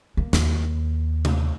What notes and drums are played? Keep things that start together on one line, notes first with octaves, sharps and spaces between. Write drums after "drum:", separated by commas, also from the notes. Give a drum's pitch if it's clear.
A#3
D#2, drum: snare
drum: tom C3